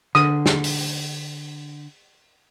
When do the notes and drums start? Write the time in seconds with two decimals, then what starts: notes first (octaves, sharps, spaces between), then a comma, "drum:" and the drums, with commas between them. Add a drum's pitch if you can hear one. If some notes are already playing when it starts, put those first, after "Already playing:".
0.15 D3 D#6, drum: rim click
0.46 drum: snare
0.64 drum: open hi-hat